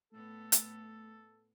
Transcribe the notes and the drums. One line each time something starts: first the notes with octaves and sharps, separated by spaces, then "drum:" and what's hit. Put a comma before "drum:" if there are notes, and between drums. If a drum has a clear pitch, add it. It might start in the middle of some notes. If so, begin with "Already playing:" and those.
A2 A3 B3 A4
drum: hi-hat